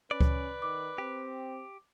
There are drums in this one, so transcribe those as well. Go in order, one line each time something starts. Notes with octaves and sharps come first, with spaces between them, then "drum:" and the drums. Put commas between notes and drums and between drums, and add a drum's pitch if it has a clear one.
C#4 B4 D5
drum: kick C#2
D#3 D6
C4 G4